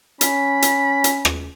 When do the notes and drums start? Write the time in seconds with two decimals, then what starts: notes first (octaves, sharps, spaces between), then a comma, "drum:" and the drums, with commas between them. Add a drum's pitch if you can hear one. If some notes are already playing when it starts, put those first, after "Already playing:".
0.21 C#4 B5, drum: hi-hat
0.62 drum: hi-hat
1.04 drum: hi-hat
1.25 drum: rim click